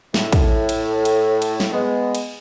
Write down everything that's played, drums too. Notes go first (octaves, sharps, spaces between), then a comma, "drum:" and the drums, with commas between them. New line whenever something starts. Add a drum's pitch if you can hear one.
A2, drum: snare
drum: kick, cymbal
drum: cymbal
drum: cymbal
drum: cymbal
drum: snare
G#3 B3
drum: cymbal